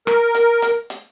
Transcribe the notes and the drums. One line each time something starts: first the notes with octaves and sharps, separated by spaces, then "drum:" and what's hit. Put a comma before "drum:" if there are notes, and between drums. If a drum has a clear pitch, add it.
A#4, drum: rim click
drum: hi-hat
drum: hi-hat
drum: hi-hat